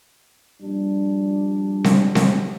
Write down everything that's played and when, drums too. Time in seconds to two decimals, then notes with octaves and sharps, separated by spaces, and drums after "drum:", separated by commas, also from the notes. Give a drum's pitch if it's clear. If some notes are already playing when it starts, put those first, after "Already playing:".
0.61 A#1 G3 D4
1.84 drum: snare C4
2.15 drum: snare C4